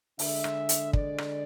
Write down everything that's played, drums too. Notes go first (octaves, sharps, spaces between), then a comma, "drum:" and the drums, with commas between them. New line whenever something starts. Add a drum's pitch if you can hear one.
D3 G#3 E5, drum: open hi-hat
drum: rim click
drum: hi-hat
D5, drum: kick
drum: rim click